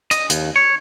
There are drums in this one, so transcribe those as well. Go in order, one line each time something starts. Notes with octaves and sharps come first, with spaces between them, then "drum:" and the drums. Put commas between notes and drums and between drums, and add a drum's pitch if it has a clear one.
D#5, drum: hi-hat
D#2, drum: hi-hat
C#5